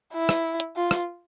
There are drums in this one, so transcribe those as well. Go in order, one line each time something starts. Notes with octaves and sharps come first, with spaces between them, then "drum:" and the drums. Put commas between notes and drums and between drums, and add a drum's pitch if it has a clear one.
E4
drum: rim click
drum: hi-hat
F4
drum: rim click